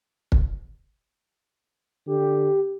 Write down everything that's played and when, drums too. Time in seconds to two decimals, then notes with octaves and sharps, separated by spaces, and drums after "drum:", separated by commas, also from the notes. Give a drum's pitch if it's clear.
0.32 drum: kick
2.07 D3 G4